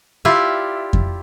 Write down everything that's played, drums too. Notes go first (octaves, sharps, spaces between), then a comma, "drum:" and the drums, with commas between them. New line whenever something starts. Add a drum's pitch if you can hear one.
E4 F4 G4 D5 E5
drum: kick F2